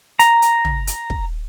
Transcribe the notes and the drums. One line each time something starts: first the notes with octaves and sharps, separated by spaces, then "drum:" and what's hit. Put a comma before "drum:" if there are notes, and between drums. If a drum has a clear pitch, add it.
A#5, drum: hi-hat
drum: hi-hat
drum: tom
drum: hi-hat
drum: kick